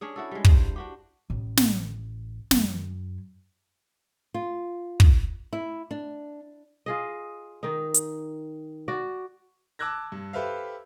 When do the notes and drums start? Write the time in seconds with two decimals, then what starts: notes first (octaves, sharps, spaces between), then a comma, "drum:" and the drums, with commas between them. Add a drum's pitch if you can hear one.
0.01 C#4 D4 G#4
0.16 E4 F#4 A4
0.31 G3 G#3
0.45 G2 C5, drum: kick
0.76 D4 F#4 G4
1.30 A1
1.57 drum: snare
2.51 F#2, drum: snare
4.34 F4
5.00 drum: kick
5.53 E4
5.91 D4
6.86 F4 G#4 D#5
7.63 D#3 D#4
7.94 drum: hi-hat
8.88 F#4 D5
9.79 A5 D6 E6 F#6 G#6 A#6
10.12 G2
10.33 G4 A4 B4 C5 E5 F5